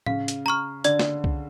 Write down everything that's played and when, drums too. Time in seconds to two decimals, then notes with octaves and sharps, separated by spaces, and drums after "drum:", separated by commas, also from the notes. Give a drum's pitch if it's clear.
0.06 C#3 F5, drum: tom A2
0.28 drum: hi-hat
0.46 A#5 C#6 F6
0.84 D3 D5, drum: hi-hat
0.99 drum: snare
1.24 drum: kick C2